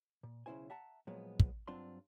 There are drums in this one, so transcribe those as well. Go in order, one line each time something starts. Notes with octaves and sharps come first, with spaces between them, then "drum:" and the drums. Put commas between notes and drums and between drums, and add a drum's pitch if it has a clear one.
A#2
B1 C#3 G#3 E4 C5 G#5
E5 F#5 A5 A#5
A#2 F3 F#3 G#3 B3
drum: kick
G2 F#3 C4 D4 F4 C6